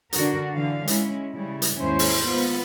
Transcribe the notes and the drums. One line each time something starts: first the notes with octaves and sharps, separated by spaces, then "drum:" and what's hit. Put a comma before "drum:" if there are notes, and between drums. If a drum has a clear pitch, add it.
D3 D4 F#4 A#4, drum: hi-hat
D3 E3 F5
G#3 C#4 E4, drum: hi-hat
C#3 G3 E4
drum: hi-hat
D#2 G#2 C#4 E4 C5
drum: open hi-hat
B3 F4